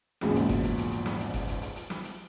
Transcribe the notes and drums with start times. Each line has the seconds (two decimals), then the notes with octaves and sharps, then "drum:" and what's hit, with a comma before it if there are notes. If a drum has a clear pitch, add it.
0.21 A#1 E2 G#2 C#3 F3 F#3, drum: snare
0.35 drum: hi-hat
0.49 drum: kick G1, hi-hat
0.63 drum: hi-hat
0.78 drum: hi-hat
0.92 drum: hi-hat
1.06 drum: snare
1.20 drum: hi-hat
1.34 drum: kick G1, hi-hat
1.48 drum: hi-hat
1.62 drum: hi-hat
1.76 drum: hi-hat
1.90 drum: snare
2.04 drum: hi-hat